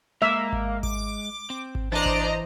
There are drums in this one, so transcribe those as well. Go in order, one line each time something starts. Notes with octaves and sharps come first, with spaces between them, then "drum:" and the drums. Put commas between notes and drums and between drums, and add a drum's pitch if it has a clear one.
G#3 A#3 E5 A#5
drum: kick G#1
D6, drum: kick G#1
C4
drum: kick G#1
E3 D4 C5 D5 D#5 A#5
drum: kick G#1